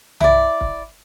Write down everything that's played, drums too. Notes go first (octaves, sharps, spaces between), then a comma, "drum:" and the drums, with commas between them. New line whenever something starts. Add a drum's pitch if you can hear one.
E4 D5, drum: tom B1
drum: kick